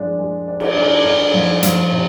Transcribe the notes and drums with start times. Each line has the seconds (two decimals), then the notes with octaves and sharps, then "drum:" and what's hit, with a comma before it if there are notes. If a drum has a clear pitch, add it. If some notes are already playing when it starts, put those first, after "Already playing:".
Already playing: F3 G#3 D4
0.19 G#3
0.48 D4
0.60 drum: cymbal
0.76 D4
1.05 D4
1.34 F3
1.63 F3, drum: hi-hat
1.92 C3